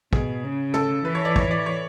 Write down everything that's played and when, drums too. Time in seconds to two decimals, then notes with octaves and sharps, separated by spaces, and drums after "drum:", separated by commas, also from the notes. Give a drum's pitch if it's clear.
0.13 B2 G#4, drum: kick
0.44 C#3
0.74 A4, drum: tom
1.05 E3 B4
1.15 C#5
1.25 D5
1.36 C#5, drum: kick
1.51 D5
1.66 C#5